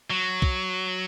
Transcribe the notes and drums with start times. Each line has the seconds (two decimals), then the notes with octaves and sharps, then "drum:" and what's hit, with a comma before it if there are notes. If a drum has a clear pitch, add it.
0.10 F#3
0.42 drum: kick